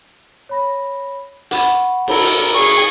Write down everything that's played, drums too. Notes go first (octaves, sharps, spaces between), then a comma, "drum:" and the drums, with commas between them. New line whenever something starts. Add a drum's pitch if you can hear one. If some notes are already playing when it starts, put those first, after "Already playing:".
C#5 B5 A#6
F#5 B5 C#6, drum: hi-hat
F#4 A#4 B5 E6, drum: cymbal
G#4 C#6